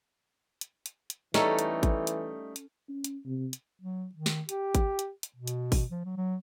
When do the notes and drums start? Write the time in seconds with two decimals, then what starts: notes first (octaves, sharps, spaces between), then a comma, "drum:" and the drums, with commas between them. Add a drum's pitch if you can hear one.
0.61 drum: hi-hat
0.86 drum: hi-hat
1.10 drum: hi-hat
1.34 E3 G3 A3 C#4 D#4 A4, drum: snare
1.59 drum: hi-hat
1.83 drum: kick G#1, hi-hat
2.07 drum: hi-hat
2.56 drum: hi-hat
2.89 C#4
3.04 drum: hi-hat
3.25 C3
3.53 drum: hi-hat
3.82 F#3
4.15 D#3
4.26 drum: snare
4.49 G4, drum: hi-hat
4.75 drum: kick G#1, hi-hat
4.99 drum: hi-hat
5.23 drum: hi-hat
5.36 B2
5.47 drum: hi-hat
5.72 drum: kick G#1, open hi-hat
5.91 F3
6.05 F#3
6.17 F#3